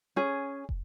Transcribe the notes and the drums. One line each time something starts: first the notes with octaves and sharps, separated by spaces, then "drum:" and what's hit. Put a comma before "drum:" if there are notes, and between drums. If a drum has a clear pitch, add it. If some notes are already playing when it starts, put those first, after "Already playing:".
C#4 G#4
drum: kick